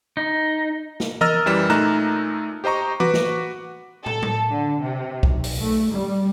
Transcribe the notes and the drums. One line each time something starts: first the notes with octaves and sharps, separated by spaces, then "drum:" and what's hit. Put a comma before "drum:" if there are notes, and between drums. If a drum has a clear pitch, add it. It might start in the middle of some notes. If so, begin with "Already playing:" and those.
D#4
drum: snare
A#4 D#5 A#5 E6 F6 A6, drum: tom E3
F#2 E3 G3 E7
A#2 A3 D#4 A#5 F#6 E7
G4 C5 D#5 A#5 C#6
F#4 B4 D6, drum: tom E3
drum: snare
A4, drum: tom
drum: tom
D3
C3
B1, drum: kick B1
drum: open hi-hat
A3
G3